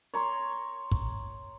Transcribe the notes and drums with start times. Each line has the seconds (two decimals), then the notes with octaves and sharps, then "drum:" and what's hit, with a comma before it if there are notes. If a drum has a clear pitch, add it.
0.14 C#5 A#5 C6
0.91 drum: kick